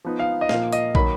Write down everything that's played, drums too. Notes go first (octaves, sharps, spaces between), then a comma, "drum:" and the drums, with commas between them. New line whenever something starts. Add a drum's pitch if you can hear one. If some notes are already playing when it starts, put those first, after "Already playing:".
F3 B3 D#4
F5
D#5
A#2 F3 A#3 F5, drum: snare
D#5, drum: hi-hat
D#3 F#3 A#3 B5, drum: kick